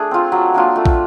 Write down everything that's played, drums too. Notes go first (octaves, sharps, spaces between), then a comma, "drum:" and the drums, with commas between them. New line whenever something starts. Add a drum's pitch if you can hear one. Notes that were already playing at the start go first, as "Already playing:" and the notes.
Already playing: A3 D4 G#4
C4 F4
F#3
A#3 D4 F4
A3
drum: kick